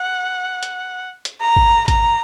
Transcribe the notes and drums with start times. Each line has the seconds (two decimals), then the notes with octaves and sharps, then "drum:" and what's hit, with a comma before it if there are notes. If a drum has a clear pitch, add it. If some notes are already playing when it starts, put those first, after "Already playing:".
Already playing: F#5
0.63 drum: hi-hat
1.25 drum: hi-hat
1.41 A#5
1.56 drum: kick G#1
1.88 A#5, drum: kick G#1, hi-hat